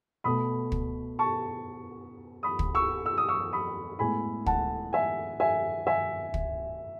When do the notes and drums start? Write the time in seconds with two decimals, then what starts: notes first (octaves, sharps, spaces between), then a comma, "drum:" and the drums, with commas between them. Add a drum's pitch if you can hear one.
0.24 B2 A3 B5 D#6
0.72 drum: kick
1.19 A5 C#6
2.43 B5 D#6
2.59 drum: kick
2.75 C#6 E6
3.06 E6
3.18 D#6
3.28 C#6 E6
3.53 B5 D#6
3.99 A2 G#3 B3 G#5 B5
4.46 F#5 A5, drum: kick
4.93 E5 G#5
5.40 E5 G#5
5.87 E5 G#5
6.34 drum: kick